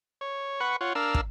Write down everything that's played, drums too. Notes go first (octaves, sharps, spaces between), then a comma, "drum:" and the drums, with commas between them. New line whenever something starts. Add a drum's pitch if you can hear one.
C#5
B4 F#5 C#6
F4 C#5 F#5
D4 A#4 F5 E6
drum: kick